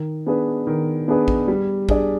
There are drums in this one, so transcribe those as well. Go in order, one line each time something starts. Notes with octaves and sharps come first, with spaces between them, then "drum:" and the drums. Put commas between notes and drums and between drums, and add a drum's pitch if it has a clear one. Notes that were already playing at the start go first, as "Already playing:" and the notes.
Already playing: D#3
B3 D4 G#4 B4
D#3
B3 D4 G#4 B4
drum: kick A1
G3
D4 G#4 D5, drum: kick A1